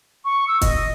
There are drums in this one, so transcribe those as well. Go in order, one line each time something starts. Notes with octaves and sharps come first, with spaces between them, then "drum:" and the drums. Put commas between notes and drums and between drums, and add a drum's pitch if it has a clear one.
C#6
E6
D#5, drum: kick, hi-hat